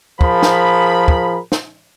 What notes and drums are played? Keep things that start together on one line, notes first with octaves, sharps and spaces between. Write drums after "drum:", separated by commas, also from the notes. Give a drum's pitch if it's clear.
F3 G#4 A#4 B5, drum: kick
drum: snare
drum: kick
drum: snare